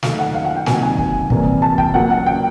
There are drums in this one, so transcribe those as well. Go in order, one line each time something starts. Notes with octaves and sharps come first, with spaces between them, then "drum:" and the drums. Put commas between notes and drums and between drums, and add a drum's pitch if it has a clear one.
D#3 F#3 A3 F5, drum: snare
F#5
F5
F#5
G5
C3 D#3 F#3 A#3 G#5, drum: snare
G#5
drum: kick
C3 E3 G3 A#3, drum: kick
A5
G5, drum: kick
C#3 F#3 A#3 F#5
F#5
G5